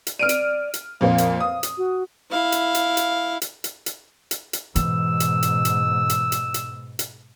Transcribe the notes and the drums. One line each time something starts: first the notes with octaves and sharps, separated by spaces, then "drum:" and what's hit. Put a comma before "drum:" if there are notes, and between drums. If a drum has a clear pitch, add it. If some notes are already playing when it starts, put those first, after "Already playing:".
drum: hi-hat
D5 F6 D7 D#7
drum: hi-hat
drum: hi-hat
F2 A#2 F3 F5
drum: hi-hat
D#6
drum: hi-hat
F#4
E4 F5
drum: hi-hat
drum: hi-hat
drum: hi-hat
drum: hi-hat
drum: hi-hat
drum: hi-hat
drum: hi-hat
drum: hi-hat
G#2 B2 E3 E6, drum: hi-hat
drum: hi-hat
drum: hi-hat
drum: hi-hat
drum: hi-hat
drum: hi-hat
drum: hi-hat
drum: hi-hat